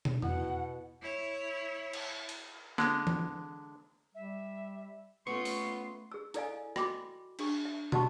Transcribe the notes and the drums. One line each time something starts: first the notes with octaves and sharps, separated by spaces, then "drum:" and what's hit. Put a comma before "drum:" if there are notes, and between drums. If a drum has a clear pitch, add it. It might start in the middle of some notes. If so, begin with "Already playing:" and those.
drum: tom
B2 E4 F#5, drum: tom E2
E4 C#5
drum: cymbal
drum: cymbal
D3 G#3, drum: snare
drum: tom E3
G3 E5
A3 B3 C#4 F4 C6 C#6
drum: open hi-hat
G#4 E6
E4 A4 D5 D#5 F5 G#5, drum: hi-hat
F#4 D#5 G5 B5 D6, drum: rim click
D4 G#4 C#6, drum: cymbal
E5
F#4 G4 D#5 F#5 A5 C#6, drum: tom